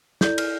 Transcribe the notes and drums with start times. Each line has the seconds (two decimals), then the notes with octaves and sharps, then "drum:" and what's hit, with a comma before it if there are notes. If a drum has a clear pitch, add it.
0.21 E4 A4 D5 G6, drum: snare
0.38 F6, drum: cymbal